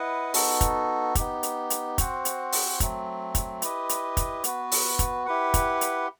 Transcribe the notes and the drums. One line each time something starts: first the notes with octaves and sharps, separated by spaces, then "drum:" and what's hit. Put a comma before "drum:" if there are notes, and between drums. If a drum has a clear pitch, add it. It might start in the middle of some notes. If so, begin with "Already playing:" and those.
Already playing: E4 B4 D#5 F#5
B3 D#4 F#4 A4, drum: open hi-hat
drum: kick, hi-hat
B3 D#4 G4, drum: kick, hi-hat
drum: hi-hat
drum: hi-hat
C4 F#4 C5 F#5, drum: kick, hi-hat
drum: hi-hat
drum: open hi-hat
F#3 A3 C4, drum: kick, hi-hat
drum: kick, hi-hat
E4 G4 B4 D#5, drum: hi-hat
drum: hi-hat
drum: kick, hi-hat
B3 F#4 B4, drum: hi-hat
drum: open hi-hat
drum: kick, hi-hat
E4 G4 B4 F#5
drum: kick, hi-hat
drum: hi-hat